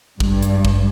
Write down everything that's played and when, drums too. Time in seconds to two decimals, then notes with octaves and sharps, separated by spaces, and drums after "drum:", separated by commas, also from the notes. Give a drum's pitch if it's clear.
0.20 G2, drum: kick
0.43 drum: hi-hat
0.65 drum: kick